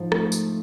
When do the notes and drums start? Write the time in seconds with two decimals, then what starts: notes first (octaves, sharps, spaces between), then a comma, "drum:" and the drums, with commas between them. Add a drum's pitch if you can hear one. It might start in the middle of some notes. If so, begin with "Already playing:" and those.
Already playing: G#2 F3
0.12 A3, drum: rim click
0.32 drum: tambourine